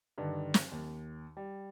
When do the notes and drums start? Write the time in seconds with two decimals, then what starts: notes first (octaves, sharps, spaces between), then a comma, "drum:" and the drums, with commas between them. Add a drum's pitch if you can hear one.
0.18 G2 D3 D#3
0.54 drum: snare
0.72 D#2
1.37 G3